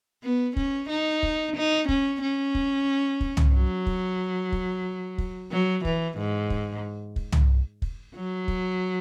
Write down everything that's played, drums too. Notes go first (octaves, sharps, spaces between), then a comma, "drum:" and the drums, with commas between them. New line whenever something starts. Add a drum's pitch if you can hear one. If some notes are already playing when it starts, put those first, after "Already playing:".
B3
C#4, drum: kick
D#4
drum: kick
D#4
C#4, drum: kick
C#4
drum: kick
drum: kick
drum: tom
F#3
drum: kick
drum: kick
drum: kick
F#3
E3, drum: kick
G#2
drum: kick
drum: kick
drum: tom
drum: kick
F#3
drum: kick